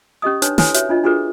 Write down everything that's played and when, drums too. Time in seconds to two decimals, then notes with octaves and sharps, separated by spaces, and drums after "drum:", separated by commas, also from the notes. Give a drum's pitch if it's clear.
0.22 C#4 G4 D#5 D#6
0.42 D4 D#4 B4 C#5 C6, drum: hi-hat
0.58 E4 A4 B4 C#5 G#5 C6, drum: snare
0.74 F#4 B4 C#5 E5, drum: hi-hat
0.89 D4 F4 D#5
1.03 D4 F4 F#4 G#4 A4 B4